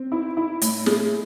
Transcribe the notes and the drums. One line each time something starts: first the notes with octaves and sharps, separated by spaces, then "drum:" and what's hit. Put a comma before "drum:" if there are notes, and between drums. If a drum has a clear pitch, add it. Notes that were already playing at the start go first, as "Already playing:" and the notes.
Already playing: C4
E4
E4
A2, drum: hi-hat
G#3, drum: snare